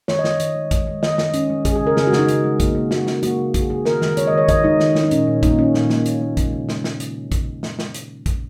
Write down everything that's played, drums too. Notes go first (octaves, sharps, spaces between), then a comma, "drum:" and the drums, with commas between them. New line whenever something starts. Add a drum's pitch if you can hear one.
D#3 C#5, drum: snare
D#5
D#3, drum: snare
D#3, drum: hi-hat
G#3
G#3, drum: kick, hi-hat
G#3
D#3 D#5, drum: snare
D#3, drum: snare
G#3 C#4, drum: hi-hat
G#3
G#3 G#4, drum: kick, hi-hat
G#4
C#3
A#4
C#3 G#4, drum: snare
F#4
C#3, drum: snare
D#4
C#3, drum: hi-hat
G#3
A#3, drum: kick, hi-hat
A#3
A#3 F#4, drum: snare
A#3, drum: snare
A#3 F#4, drum: hi-hat
C#3
C#3 G#4, drum: kick, hi-hat
A#3 G#4
D#3 A#4, drum: snare
D#3, drum: snare
G#3 C#5, drum: hi-hat
D#5
D#3 C#5
D#3 D#5, drum: kick, hi-hat
G#3 D#4
D#3, drum: snare
D#3, drum: snare
D#4
A#2 C#4, drum: hi-hat
A#2
A#3 D#4, drum: kick, hi-hat
A#3 C#4
A#2, drum: snare
A#3, drum: snare
A#2, drum: hi-hat
A#3
G#3, drum: kick, hi-hat
C#3
drum: snare
drum: snare
drum: hi-hat
drum: kick, hi-hat
drum: snare
drum: snare
drum: hi-hat
drum: kick, hi-hat